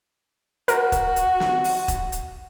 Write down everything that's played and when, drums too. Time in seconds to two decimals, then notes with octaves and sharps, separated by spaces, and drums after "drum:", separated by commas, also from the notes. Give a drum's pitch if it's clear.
0.68 F#4 A#4, drum: hi-hat
0.92 drum: kick E1, hi-hat
1.16 drum: hi-hat
1.40 drum: snare
1.64 drum: open hi-hat
1.88 drum: kick E1, hi-hat
2.12 drum: hi-hat